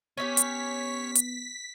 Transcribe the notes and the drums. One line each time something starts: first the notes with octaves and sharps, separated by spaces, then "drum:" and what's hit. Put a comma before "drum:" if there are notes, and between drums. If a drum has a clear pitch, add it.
B3 C#4 D#4 G4 C#5 B6
drum: hi-hat
drum: hi-hat